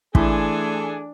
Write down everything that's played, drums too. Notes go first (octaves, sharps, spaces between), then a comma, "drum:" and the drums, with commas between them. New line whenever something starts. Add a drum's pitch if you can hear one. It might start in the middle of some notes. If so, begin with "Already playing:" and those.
E3 A3 D4 G#4 A4 G#5 C6, drum: kick